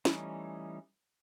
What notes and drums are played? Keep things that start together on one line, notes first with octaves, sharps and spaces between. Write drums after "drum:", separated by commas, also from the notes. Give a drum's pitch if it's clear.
E3 G3 A3 C#4 D#4, drum: snare